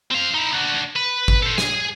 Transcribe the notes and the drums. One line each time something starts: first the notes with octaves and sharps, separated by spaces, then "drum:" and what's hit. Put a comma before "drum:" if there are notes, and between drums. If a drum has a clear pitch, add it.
C4 F5
D#4 E4
D4 F#4
B4
drum: kick G#1
A4 C5
G#4 G#5, drum: snare